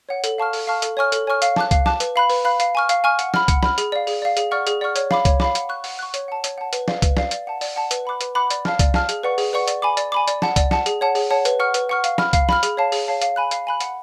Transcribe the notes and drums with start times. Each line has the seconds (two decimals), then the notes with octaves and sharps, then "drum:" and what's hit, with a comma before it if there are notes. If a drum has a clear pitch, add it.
0.09 C#5 F#5
0.24 A4, drum: hi-hat
0.38 F5 A5 C#6 F6
0.53 A4, drum: open hi-hat
0.67 F5 A5 C#6 F6
0.82 A4, drum: hi-hat
0.97 C#5 G#5 C#6 F6
1.12 A4, drum: hi-hat
1.27 C#5 G#5 C#6 F6
1.42 F5, drum: hi-hat
1.56 A5 D6 F#6, drum: snare
1.71 F5, drum: kick C2, hi-hat
1.86 A5 D6 F#6, drum: snare
2.00 B4, drum: hi-hat
2.16 F5 B5 F#6
2.30 B4, drum: open hi-hat
2.45 F5 B5 F#6
2.60 F5, drum: hi-hat
2.75 G#5 C#6 F6
2.89 F5, drum: hi-hat
3.04 G#5 C#6 F6
3.19 F#5, drum: hi-hat
3.34 B5 F6, drum: snare
3.48 F#5, drum: kick C2, hi-hat
3.63 B5 F6, drum: snare
3.78 G#4, drum: hi-hat
3.92 D5 F5
4.07 G#4, drum: open hi-hat
4.22 D5 F5
4.37 G#4, drum: hi-hat
4.51 D5 F#5 C#6 F6
4.67 G#4, drum: hi-hat
4.81 D5 F#5 C#6 F6
4.96 C#5, drum: hi-hat
5.11 F5 B5 D6, drum: snare
5.25 C#5, drum: kick C2, hi-hat
5.40 F5 B5 D6, drum: snare
5.55 F#5, drum: hi-hat
5.69 C#6 F#6
5.84 F#5, drum: open hi-hat
5.99 C#6 F#6
6.14 C#5, drum: hi-hat
6.28 F#5 A5
6.44 C#5, drum: hi-hat
6.58 F#5 A5
6.73 B4, drum: hi-hat
6.88 D5 F5, drum: snare
7.02 B4, drum: kick C2, hi-hat
7.17 D5 F5, drum: snare
7.31 D5, drum: hi-hat
7.47 F#5 A5
7.61 D5, drum: open hi-hat
7.76 F#5 A5
7.91 B4, drum: hi-hat
8.05 F#5 B5 D6 F#6
8.21 B4, drum: hi-hat
8.35 F#5 B5 D6 F#6
8.50 D5, drum: hi-hat
8.65 F5 A5 F6, drum: snare
8.79 D5, drum: kick C2, hi-hat
8.94 F5 A5 F6, drum: snare
9.09 G#4, drum: hi-hat
9.23 B4 D5 F#5 C#6
9.38 G#4, drum: open hi-hat
9.53 B4 D5 F#5 C#6
9.68 D5, drum: hi-hat
9.82 G#5 B5 D6
9.97 D5, drum: hi-hat
10.12 G#5 B5 D6
10.28 D5, drum: hi-hat
10.42 F#5 A5, drum: snare
10.56 D5, drum: kick C2, hi-hat
10.71 F#5 A5, drum: snare
10.86 G#4, drum: hi-hat
11.01 C#5 F#5 A5
11.15 G#4, drum: open hi-hat
11.31 C#5 F#5 A5
11.45 B4, drum: hi-hat
11.60 F#5 C#6 F6
11.74 B4, drum: hi-hat
11.89 F#5 C#6 F6
12.04 F5, drum: hi-hat
12.18 B5 F6, drum: snare
12.33 F5, drum: kick C2, hi-hat
12.49 B5 F6, drum: snare
12.63 G#4, drum: hi-hat
12.77 C#5 F5 A5
12.92 G#4, drum: open hi-hat
13.08 C#5 F5 A5
13.22 F5, drum: hi-hat
13.36 G#5 B5 F#6
13.51 F5, drum: hi-hat
13.67 G#5 B5 F#6
13.80 F#5, drum: hi-hat